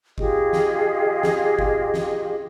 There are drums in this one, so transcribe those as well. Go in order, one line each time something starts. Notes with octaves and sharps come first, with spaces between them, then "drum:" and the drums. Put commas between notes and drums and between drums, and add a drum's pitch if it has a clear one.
F4 G4 G#4 D#5, drum: kick F#1
drum: snare
drum: snare
drum: kick F#1
drum: snare